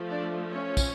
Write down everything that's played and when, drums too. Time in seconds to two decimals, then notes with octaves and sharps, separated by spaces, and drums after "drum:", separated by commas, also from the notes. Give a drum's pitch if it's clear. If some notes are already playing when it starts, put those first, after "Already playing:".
Already playing: F3 A3
0.09 D4 D5
0.50 C#4 C#5
0.77 drum: kick, tambourine